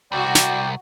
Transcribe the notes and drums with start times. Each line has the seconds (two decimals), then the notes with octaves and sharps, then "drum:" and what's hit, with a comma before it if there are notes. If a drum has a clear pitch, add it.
0.12 C2 F#4 D5 G5
0.35 drum: snare